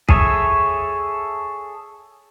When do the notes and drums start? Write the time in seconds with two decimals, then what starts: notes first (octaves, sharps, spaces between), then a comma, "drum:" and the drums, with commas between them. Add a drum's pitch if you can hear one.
0.09 G#4 A4 C#5 E5, drum: kick